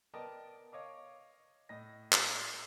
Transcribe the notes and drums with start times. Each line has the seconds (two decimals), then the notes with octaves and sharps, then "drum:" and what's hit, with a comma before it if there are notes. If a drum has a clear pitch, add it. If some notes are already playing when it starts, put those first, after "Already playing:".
0.14 B3 A#4 D5 D#5 G5 A5
0.72 C#5 D#5 F5 D6
1.69 A2 D#5 A#6
2.13 drum: clap